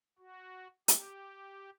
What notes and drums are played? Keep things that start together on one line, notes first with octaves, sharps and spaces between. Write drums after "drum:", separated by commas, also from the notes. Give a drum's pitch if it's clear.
F#4
G4, drum: hi-hat